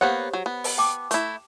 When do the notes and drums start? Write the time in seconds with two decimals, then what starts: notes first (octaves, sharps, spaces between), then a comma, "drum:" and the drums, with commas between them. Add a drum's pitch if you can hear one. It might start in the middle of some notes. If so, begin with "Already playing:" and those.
0.01 A#3 B3 G4 C5 C#5 F#5
0.33 F#3
0.46 B3
0.64 drum: open hi-hat
0.78 G5 A5 D6
1.11 A3 E4, drum: hi-hat